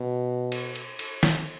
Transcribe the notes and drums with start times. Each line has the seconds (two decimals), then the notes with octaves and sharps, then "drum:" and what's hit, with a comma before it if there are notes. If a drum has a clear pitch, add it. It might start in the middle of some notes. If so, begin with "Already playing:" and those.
Already playing: B2
0.52 drum: cymbal
0.76 drum: cymbal
0.99 drum: cymbal
1.23 drum: snare